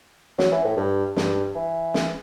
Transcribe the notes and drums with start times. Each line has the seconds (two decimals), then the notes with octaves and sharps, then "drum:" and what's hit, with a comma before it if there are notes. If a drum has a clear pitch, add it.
0.39 F#3, drum: snare
0.51 E3
0.65 A2
0.77 G2
1.16 G2, drum: snare
1.55 E3
1.94 drum: snare